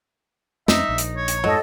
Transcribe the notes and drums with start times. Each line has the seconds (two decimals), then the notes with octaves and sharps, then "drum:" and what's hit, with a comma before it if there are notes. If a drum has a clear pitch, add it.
0.68 F2 C4 C#4 D#4 E5, drum: snare
0.89 A#1
0.98 drum: hi-hat
1.16 C#5
1.28 drum: hi-hat
1.44 F2 G#2 F3 F#3 A4 D#5